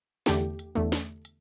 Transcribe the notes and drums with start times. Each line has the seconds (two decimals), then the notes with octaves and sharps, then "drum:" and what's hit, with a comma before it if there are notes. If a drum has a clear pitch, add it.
0.26 E2 D3 A3 G4, drum: snare
0.59 drum: hi-hat
0.75 E2 D3 A3
0.92 drum: snare
1.25 drum: hi-hat